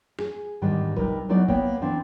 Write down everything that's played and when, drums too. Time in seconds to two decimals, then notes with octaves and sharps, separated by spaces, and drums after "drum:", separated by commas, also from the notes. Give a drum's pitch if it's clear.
0.19 G#4, drum: snare
0.62 E2 G#2 D#3 G3 D4
0.97 C3 G3 D#4 A#4 B4, drum: kick B1
1.29 F#3 G#3 B3 D#4 E4 D5
1.49 A#3 B3 C#5 G5, drum: kick B1
1.82 E3 C4 D4 E4